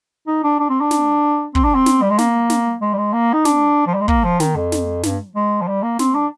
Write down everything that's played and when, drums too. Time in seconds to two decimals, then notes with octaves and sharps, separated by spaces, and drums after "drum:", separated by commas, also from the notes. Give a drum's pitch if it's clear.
0.27 D#4
0.44 D4
0.59 D4
0.69 C4
0.81 D4
0.91 drum: snare
1.55 C4, drum: kick
1.64 D4
1.75 C4
1.86 drum: snare
2.02 G3
2.10 G#3
2.18 A#3, drum: snare
2.50 drum: snare
2.82 G#3
2.93 G3
2.98 G#3
3.13 A#3
3.33 D#4
3.45 D4, drum: snare
3.87 F3
3.94 G3
4.01 G#3
4.08 A#3, drum: kick
4.24 F3
4.40 D#3, drum: snare
4.56 F2
4.72 drum: snare
5.03 G2, drum: snare
5.36 G#3
5.62 F3
5.68 G3
5.83 A#3
5.99 C4, drum: snare
6.15 D4